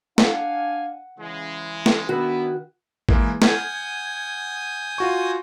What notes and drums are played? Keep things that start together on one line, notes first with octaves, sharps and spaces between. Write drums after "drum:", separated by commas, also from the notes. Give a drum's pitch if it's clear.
D4 F5 F#5 G#5, drum: snare
C#3 E3 G#3
drum: snare
D#3 B3 D4 E4 F#4
E3 G#3 A#3, drum: kick
F#5 G#5 D#6 F6 G6 G#6, drum: snare
F4 F#4 C#6